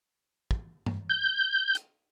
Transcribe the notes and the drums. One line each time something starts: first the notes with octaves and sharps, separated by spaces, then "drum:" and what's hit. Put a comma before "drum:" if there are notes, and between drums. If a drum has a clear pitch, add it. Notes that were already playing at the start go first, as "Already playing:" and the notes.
drum: kick
drum: tom G2
G6
drum: hi-hat